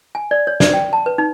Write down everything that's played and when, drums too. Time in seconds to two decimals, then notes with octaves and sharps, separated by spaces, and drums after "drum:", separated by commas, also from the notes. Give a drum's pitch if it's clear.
0.15 G#5
0.31 D5
0.47 C#5
0.60 D5, drum: snare
0.74 G5
0.93 A5
1.06 B4
1.18 D#4